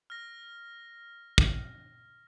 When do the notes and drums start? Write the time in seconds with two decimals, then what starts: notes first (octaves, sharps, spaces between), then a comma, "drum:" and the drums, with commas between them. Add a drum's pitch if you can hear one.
0.10 F6 A#6
1.38 drum: kick